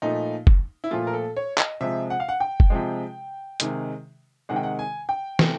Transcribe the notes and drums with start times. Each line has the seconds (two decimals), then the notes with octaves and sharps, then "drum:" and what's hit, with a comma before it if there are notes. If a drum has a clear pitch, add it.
0.02 A#2 F3 A3 D#4
0.47 drum: kick
0.84 E4
0.91 A#2 F3 A3 F4
1.07 A#4
1.13 A4
1.37 C#5
1.58 D#5, drum: clap
1.81 C3 F3 G#3 E5
2.10 F#5
2.20 F5
2.29 F#5
2.40 G5
2.60 drum: kick
2.70 C3 F3 G#3
3.60 C3 D#3 G#3, drum: hi-hat
4.49 C3 D#3 G#3 F#5
4.56 G5
4.63 F#5
4.79 G#5
5.09 G5
5.39 C3 E3 A3, drum: snare